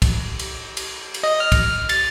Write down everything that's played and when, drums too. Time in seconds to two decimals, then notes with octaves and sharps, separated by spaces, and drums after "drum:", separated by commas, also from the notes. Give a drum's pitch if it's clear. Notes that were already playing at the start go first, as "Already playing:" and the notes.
0.02 drum: kick, cymbal
0.39 drum: cymbal
0.77 drum: cymbal
1.14 drum: cymbal
1.23 D#5
1.40 F6
1.52 drum: kick, cymbal
1.89 A6, drum: cymbal